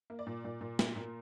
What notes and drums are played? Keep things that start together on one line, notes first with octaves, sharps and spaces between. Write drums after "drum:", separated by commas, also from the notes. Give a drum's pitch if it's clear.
A#3
D5
A#2
A#2
A#2
A#2, drum: snare
A#2 A#4